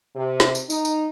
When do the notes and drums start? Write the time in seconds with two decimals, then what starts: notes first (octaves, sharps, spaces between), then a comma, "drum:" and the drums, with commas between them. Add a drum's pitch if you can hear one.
0.16 C3
0.40 drum: snare
0.55 drum: tambourine
0.70 D#4, drum: tambourine
0.85 drum: tambourine